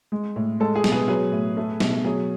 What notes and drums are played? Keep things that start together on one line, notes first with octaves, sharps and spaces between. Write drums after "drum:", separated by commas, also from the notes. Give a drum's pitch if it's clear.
G#3
A2
G#3 A4
G#4
B2, drum: snare
G#4 B4
F#3 G#4 B4
A2
A3
B2, drum: snare
F#3 G#4